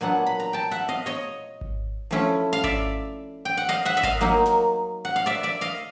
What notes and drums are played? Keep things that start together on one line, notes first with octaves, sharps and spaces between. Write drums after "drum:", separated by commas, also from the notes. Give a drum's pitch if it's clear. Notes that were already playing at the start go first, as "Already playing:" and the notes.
A#2 F#3 B3 D4 F#5 G#5
B5
A#5
G5 A5
E5 F#5, drum: hi-hat
D#5 F5, drum: tom B3
C#5 D#5
drum: kick G#1
F3 A3 C#4 E4
F5
D5 E5, drum: kick G#1
G5
F#5
D#5 F5
E5 F#5
E5
D#5 F5, drum: kick G#1
F#3 A#3 D#4
drum: snare
F#5
F5
D5 E5, drum: hi-hat
D5 E5
D#5 F5, drum: hi-hat